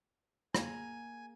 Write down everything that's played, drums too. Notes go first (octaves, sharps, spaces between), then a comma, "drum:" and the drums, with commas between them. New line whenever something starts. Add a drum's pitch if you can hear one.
A#3 G#4 G#5 A#5, drum: rim click